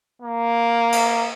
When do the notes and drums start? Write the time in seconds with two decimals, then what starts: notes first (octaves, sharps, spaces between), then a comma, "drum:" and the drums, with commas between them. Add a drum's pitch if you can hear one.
0.22 A#3
0.92 drum: cymbal